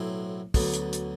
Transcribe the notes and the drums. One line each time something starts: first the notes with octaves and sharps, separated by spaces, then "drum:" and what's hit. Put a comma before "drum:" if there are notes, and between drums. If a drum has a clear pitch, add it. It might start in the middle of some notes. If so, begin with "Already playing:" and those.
Already playing: B1 A2 F#3 C4 E4
D2 D3 F#3 B3, drum: kick, open hi-hat
drum: hi-hat
drum: hi-hat